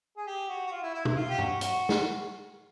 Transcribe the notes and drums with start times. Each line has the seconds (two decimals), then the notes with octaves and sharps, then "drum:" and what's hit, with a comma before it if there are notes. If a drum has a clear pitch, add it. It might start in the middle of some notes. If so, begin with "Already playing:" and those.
0.17 G#4
0.26 G4
0.49 F#4
0.66 F#4
0.71 F4
0.82 E4
0.94 E4
1.05 E4, drum: tom
1.16 F4
1.30 G4
1.39 F#4, drum: tom G2
1.61 F#4, drum: hi-hat
1.89 drum: snare